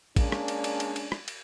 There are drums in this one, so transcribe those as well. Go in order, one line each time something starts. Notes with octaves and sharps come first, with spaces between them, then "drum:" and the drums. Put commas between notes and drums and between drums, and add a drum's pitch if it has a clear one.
G#3 A#3 C#4 D4, drum: kick A1, cymbal
drum: rim click
drum: cymbal
drum: cymbal
drum: cymbal
drum: cymbal
drum: rim click
drum: cymbal